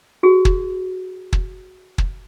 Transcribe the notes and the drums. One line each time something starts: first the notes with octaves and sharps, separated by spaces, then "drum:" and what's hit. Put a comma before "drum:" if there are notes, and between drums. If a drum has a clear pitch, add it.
F#4 G#4
drum: kick
drum: kick
drum: kick